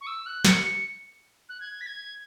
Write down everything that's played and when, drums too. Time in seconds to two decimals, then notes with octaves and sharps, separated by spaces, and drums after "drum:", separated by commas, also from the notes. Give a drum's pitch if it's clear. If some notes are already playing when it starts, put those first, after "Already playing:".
0.01 C#6
0.07 E6
0.26 F#6
0.45 C#7, drum: snare
0.64 C#7
1.49 F#6
1.60 G#6
1.81 B6
1.86 G#6